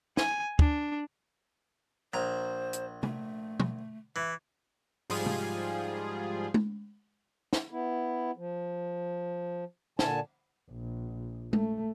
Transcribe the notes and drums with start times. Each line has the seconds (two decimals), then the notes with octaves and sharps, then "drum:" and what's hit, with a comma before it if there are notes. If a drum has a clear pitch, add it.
0.17 G#5, drum: snare
0.59 D4, drum: kick
2.14 A#1 C5 A#5
2.73 drum: hi-hat
3.03 A3, drum: tom C3
3.60 drum: tom B2
4.16 E3 E5
5.10 G#2 F3 G3 F4 G#4, drum: open hi-hat
5.26 drum: tom C3
6.54 drum: tom
7.53 drum: snare
7.71 B3 E4
8.37 F3
9.99 A#2 D3 G#5 A5, drum: snare
10.71 A#1
11.53 A3, drum: tom